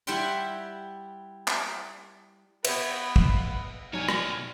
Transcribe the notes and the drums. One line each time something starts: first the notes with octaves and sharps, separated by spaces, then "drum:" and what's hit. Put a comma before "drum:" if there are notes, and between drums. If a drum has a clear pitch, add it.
G3 E4 E5 F#5 G5 C6
drum: clap
B3 G4 B4 C#5 E5 B5, drum: cymbal
F5, drum: kick
B2 F#3 G3 D#4 C#5 G#5 F6
drum: rim click